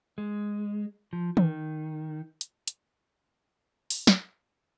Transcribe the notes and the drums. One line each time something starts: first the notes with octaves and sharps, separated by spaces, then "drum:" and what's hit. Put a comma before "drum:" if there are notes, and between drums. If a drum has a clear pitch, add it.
G#3
F3
D#3, drum: tom D#3
drum: hi-hat
drum: hi-hat
drum: open hi-hat
drum: snare